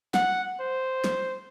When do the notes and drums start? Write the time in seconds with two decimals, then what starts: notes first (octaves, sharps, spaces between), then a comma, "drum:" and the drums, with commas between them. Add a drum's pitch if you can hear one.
0.14 F#5, drum: snare
0.60 C5
1.04 drum: snare